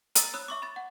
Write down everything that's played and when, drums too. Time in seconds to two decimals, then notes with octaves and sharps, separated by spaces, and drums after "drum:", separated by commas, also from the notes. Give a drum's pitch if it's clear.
0.15 A#5 D#6 E6 A6, drum: hi-hat
0.34 C#5 B5 D#6 E6 F#6
0.48 E5 C#6 D6
0.62 B5 A6
0.76 F#5